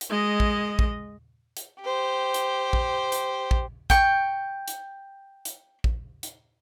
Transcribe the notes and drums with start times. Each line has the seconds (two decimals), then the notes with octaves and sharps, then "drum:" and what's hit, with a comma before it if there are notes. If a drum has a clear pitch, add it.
0.01 drum: hi-hat
0.10 G#3 D#5
0.40 drum: kick
0.79 drum: kick
1.57 drum: hi-hat
1.82 G4 C5
2.34 drum: hi-hat
2.73 drum: kick
3.12 drum: hi-hat
3.51 drum: kick
3.90 G5 C#6, drum: kick, hi-hat
4.68 drum: hi-hat
5.45 drum: hi-hat
5.84 drum: kick
6.23 drum: hi-hat